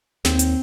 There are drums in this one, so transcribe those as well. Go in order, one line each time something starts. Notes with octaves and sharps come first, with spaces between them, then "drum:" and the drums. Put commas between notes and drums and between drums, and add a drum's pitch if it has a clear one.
D#2 C4, drum: snare
drum: hi-hat